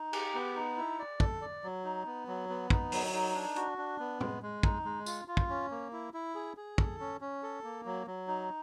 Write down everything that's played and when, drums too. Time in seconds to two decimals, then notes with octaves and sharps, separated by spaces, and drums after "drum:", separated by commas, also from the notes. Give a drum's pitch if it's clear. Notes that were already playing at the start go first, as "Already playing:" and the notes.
Already playing: D#4
0.13 G4, drum: cymbal
0.34 B3
0.56 D#4
0.78 E4
0.99 D5
1.20 A4, drum: kick
1.42 D5
1.64 F#3
1.84 D#4
2.06 B3
2.27 F#3
2.49 B3
2.70 D#4, drum: kick
2.92 F#3, drum: open hi-hat
3.14 D#4
3.35 D4
3.56 F#4, drum: hi-hat
3.78 D4
3.99 B3
4.21 G#3, drum: tom
4.42 G#3
4.63 D#4, drum: kick
4.85 G#3
5.06 F4, drum: tambourine
5.28 F4
5.37 drum: kick
5.50 C#4
5.71 A#3
5.93 E4
6.14 E4
6.35 G#4
6.57 G#4
6.78 A4, drum: kick
7.00 C#4
7.21 C#4
7.43 A4
7.64 A#3
7.85 F#3
8.07 F#3
8.28 D#4